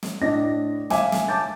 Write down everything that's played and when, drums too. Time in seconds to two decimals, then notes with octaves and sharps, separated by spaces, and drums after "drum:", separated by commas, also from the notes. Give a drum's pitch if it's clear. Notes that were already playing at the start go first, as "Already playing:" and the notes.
0.03 drum: snare
0.21 A2 D4 D#5 A#6
0.90 E5 F5 G#5 D6, drum: snare
1.12 drum: snare
1.28 A5 D6 G6 A6